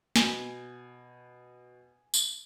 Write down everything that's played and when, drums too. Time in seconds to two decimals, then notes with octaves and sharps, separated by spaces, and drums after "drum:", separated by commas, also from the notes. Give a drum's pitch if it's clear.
0.16 B2 G#5, drum: snare
2.14 drum: tambourine